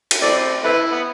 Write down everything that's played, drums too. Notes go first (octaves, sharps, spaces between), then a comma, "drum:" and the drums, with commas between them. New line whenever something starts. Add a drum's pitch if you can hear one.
drum: cymbal
E3 A3 C4 D5
A3 C4 E4 B4
B3